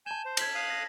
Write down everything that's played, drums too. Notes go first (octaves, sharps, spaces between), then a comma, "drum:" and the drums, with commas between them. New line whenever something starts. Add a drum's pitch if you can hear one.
G#5 A5 G6 E7
C5
G#6 B6 F#7, drum: cymbal
F5 D#6 F#6
A#6